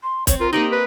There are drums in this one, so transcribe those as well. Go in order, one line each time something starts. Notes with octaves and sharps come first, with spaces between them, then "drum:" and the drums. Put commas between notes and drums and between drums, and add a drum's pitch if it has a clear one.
C6
C4 C#5, drum: kick B1, hi-hat
F4 A#4
A#3 D#4 G4 D5 D#5
B4